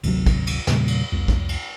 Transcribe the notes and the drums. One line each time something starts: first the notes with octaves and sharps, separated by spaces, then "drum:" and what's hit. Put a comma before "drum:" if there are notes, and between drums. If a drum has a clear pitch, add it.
G#1 D2 C3 F#3, drum: cymbal
drum: kick, cymbal
drum: cymbal
E2 A#2 C#3 G3, drum: snare
drum: cymbal
C2 F2
drum: kick
drum: cymbal